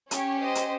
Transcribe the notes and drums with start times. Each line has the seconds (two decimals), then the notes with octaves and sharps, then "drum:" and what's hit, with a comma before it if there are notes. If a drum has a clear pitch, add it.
0.11 C#4 G4 C#5, drum: hi-hat
0.40 C5 D#5
0.55 drum: hi-hat